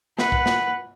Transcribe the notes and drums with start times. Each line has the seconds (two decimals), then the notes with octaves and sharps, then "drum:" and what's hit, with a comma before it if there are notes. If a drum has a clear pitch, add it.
0.19 B4 F#5, drum: snare
0.32 drum: kick
0.46 drum: snare